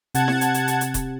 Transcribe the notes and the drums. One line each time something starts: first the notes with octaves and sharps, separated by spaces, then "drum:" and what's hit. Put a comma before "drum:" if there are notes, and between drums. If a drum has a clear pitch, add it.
C3 F#5 A5 G#6, drum: hi-hat
drum: snare E4
drum: hi-hat
drum: hi-hat
drum: hi-hat
drum: hi-hat
drum: kick D#1, hi-hat